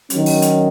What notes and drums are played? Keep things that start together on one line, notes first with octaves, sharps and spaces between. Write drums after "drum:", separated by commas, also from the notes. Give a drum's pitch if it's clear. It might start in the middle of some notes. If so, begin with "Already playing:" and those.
D#3 F#3 C#4, drum: hi-hat
drum: open hi-hat
drum: hi-hat